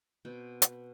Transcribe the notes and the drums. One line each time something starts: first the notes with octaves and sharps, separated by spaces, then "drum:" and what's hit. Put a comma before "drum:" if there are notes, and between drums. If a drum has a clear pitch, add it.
B2 C4 F#5 G5
drum: hi-hat